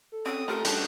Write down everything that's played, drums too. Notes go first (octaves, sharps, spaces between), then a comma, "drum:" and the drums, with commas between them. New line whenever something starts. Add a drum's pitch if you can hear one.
A4
C4 C#4 F#4 D#6
A3 F4 G4 A#4 A#5
C#3 G3 D4 D#4 F#4 A5, drum: hi-hat